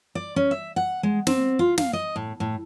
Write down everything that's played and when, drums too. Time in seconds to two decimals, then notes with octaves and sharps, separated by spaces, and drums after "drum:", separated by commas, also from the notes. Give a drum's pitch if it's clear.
0.15 D5
0.36 C#4
0.51 E5
0.76 F#5
1.03 G#3
1.27 C4, drum: snare
1.59 F4
1.78 F5, drum: snare
1.93 D#5
2.16 A2
2.40 A2